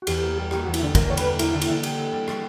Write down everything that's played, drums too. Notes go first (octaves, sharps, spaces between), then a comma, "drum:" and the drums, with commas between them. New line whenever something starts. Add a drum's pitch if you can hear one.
F#4
E2 G4, drum: cymbal
A#3
G3
A#3 G4, drum: rim click
F#4
E2
E4, drum: cymbal
D3 D4
E2 A#4, drum: kick, cymbal
G3 C#5
B4, drum: cymbal
A#3
A#3 E4, drum: cymbal
D3
E4, drum: cymbal
D3
G4, drum: cymbal
E4
G3
G3, drum: rim click